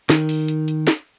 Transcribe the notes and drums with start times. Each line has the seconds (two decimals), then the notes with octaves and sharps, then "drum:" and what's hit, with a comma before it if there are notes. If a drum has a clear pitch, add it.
0.10 D#3, drum: snare
0.29 drum: open hi-hat
0.48 drum: hi-hat
0.68 drum: hi-hat
0.87 drum: snare